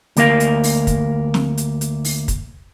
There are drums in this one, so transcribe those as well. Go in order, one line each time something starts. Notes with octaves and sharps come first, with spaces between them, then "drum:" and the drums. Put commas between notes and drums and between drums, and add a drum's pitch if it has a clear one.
D2 A#3 A#4 F5, drum: hi-hat
drum: hi-hat
drum: open hi-hat
drum: kick, hi-hat
drum: snare
drum: hi-hat
drum: hi-hat
drum: open hi-hat
drum: kick, hi-hat